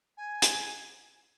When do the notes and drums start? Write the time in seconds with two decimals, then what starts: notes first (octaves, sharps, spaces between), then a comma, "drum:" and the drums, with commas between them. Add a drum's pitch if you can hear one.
0.17 G#5
0.42 drum: hi-hat